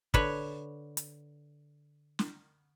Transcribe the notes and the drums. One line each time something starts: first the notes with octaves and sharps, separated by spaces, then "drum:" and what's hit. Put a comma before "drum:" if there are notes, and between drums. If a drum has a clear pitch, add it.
D3 B4 C#5, drum: kick
drum: hi-hat
drum: snare